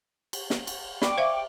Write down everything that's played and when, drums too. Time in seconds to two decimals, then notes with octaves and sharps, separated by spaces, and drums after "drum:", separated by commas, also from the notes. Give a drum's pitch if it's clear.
0.33 drum: cymbal
0.50 drum: snare
0.67 drum: cymbal
1.02 D5 G5 B5 C#6 D6, drum: snare
1.18 C5 E5 F5